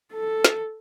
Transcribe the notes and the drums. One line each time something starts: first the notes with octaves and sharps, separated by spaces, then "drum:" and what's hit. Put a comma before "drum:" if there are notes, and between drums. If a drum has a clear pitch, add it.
A4
drum: snare